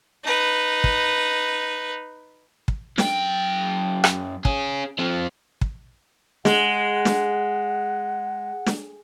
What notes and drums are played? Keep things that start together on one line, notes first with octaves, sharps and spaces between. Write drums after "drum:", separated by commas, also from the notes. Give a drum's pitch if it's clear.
D#4 B4
drum: kick
drum: kick
F#2 G5, drum: snare
drum: rim click
C#4 G#4, drum: kick
F3 C4
drum: kick
G#3 F#5, drum: snare
drum: snare
drum: snare